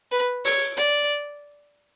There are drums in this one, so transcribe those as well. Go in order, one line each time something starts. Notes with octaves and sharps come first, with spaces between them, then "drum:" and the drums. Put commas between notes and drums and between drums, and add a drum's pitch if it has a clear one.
B4
C#5, drum: open hi-hat
D5, drum: hi-hat